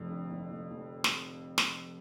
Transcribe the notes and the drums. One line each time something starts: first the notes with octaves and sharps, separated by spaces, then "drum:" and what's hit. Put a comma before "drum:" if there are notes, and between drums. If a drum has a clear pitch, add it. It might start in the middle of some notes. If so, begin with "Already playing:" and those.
Already playing: F1 F2
D3
F1
F1
F1
drum: snare
drum: snare